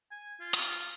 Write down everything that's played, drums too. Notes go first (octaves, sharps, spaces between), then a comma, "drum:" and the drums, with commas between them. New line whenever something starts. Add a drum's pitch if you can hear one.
G#5
F4
drum: hi-hat